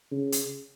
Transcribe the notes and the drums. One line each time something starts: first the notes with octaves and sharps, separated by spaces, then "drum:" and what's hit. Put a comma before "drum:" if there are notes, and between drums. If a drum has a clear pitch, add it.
C#3
drum: hi-hat